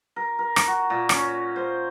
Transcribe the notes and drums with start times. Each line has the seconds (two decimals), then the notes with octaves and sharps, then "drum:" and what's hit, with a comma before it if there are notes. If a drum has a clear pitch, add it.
0.16 A#4
0.39 A#4
0.56 drum: rim click
0.67 F#4
0.90 A#2
1.09 C#4, drum: rim click
1.56 C5